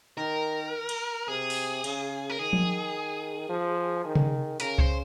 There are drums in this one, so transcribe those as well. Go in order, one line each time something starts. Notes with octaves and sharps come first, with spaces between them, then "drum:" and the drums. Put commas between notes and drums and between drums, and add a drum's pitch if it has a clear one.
D#3 A#4
drum: cymbal
C3 G#4
drum: open hi-hat
C#3, drum: cymbal
A#4
D#3 G#4
drum: tom F3
F3
D#3
drum: tom C3
C#3 A#4, drum: hi-hat
C5, drum: kick C#2